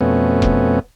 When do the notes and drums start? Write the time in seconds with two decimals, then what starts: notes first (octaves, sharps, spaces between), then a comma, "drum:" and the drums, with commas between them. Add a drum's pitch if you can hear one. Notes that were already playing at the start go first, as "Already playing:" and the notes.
0.01 F2 B2 A3 B3 C#4
0.42 drum: kick E1